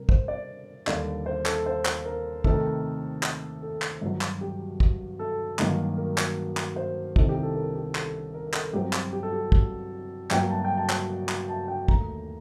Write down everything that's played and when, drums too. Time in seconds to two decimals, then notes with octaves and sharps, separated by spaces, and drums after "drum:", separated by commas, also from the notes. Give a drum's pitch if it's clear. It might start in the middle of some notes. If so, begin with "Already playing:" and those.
Already playing: C3 G3 A#4
0.09 C5, drum: kick
0.28 D5
0.87 D#2 D3 G3 D5, drum: clap
1.26 C5
1.46 A4, drum: clap
1.66 C5
1.85 drum: clap
2.05 A#4
2.44 C3 D#3 A3 C4 D#4 A4, drum: kick
3.23 drum: clap
3.62 A4
3.82 drum: clap
4.01 G2 D#3 F#3
4.21 drum: clap
4.41 G4
4.80 drum: kick
5.19 A4
5.59 G2 D#3 F#3 A#3, drum: clap
5.98 A#4
6.18 drum: clap
6.57 drum: clap
6.76 C5
7.16 C2 C3 D#3 A4, drum: kick
7.29 G4
7.43 A4
7.55 A#4
7.75 G4
7.95 A4, drum: clap
8.34 A#4
8.48 A#4
8.54 A4, drum: clap
8.73 G2 F#3 C4 G4
8.93 drum: clap
9.13 G4
9.23 A4
9.33 G4
9.52 drum: kick
10.31 G2 F#3 A#3 G5, drum: clap
10.50 A5
10.65 G5
10.78 A5
10.90 drum: clap
11.29 drum: clap
11.49 A5
11.68 G5
11.88 D#2 D3 A3 A#5, drum: kick